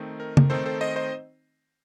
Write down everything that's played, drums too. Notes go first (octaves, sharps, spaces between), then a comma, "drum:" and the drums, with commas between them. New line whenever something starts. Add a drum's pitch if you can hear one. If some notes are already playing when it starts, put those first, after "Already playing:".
Already playing: D#3 A3 C4 D#4
A#4
drum: tom C#3
D#3 A3 C4 D#4 A4 C5
A4 C5
C5 D#5
C5 D#5